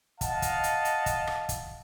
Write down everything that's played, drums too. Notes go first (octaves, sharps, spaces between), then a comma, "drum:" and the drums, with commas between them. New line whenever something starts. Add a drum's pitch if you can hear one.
D#5 F5 F#5 A5, drum: kick, hi-hat
drum: kick, hi-hat
drum: hi-hat
drum: hi-hat
drum: kick, hi-hat
drum: rim click
drum: kick, hi-hat